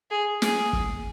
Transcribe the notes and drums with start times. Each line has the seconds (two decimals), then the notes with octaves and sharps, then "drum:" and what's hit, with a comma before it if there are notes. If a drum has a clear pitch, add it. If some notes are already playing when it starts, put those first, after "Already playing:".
0.11 G#4
0.42 G#4, drum: snare
0.73 drum: kick